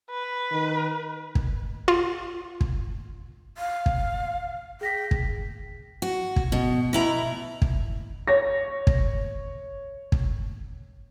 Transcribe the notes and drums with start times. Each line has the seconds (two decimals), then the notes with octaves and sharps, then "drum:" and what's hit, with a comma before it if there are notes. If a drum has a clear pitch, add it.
0.10 B4
0.52 D#3
1.35 drum: kick
1.88 F4
2.61 drum: kick
3.56 F5
3.86 drum: kick
4.81 G#4 G5 A#6 B6
5.11 drum: kick
6.02 F#4
6.36 drum: kick
6.52 B2
6.93 B2 E4 A#5
7.62 drum: kick
8.27 C#5 A#6
8.87 drum: kick
10.12 drum: kick